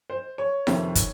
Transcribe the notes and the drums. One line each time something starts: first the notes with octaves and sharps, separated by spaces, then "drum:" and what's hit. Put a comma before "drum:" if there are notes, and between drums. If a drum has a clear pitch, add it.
C5
C#5
F2 C3 D#3, drum: snare E4
drum: kick, hi-hat